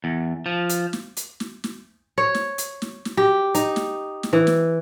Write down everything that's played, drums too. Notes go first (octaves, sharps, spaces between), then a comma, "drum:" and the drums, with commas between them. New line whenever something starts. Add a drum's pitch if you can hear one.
E2
F3
drum: hi-hat
drum: snare
drum: hi-hat
drum: snare
drum: snare
C#5
drum: snare
drum: hi-hat
drum: snare
drum: snare
G4
D#4, drum: hi-hat
drum: snare
drum: snare
E3
drum: snare